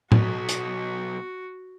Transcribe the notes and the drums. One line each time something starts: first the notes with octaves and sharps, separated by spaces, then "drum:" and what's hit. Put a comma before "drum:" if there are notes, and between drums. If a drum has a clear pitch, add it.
B1 B2 F#4, drum: tom A2
drum: hi-hat